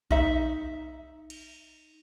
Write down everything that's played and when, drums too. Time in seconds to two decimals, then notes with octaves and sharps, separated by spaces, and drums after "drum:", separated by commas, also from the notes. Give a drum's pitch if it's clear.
0.11 D#4 E5, drum: kick A#1
1.30 drum: cymbal